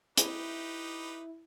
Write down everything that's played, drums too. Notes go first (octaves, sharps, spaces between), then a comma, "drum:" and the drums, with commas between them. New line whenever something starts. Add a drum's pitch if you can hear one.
D#4 E4 G4 B4, drum: hi-hat